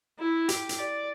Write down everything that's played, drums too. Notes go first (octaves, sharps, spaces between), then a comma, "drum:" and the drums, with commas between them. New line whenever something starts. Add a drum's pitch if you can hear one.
E4
G4, drum: hi-hat
drum: hi-hat
D5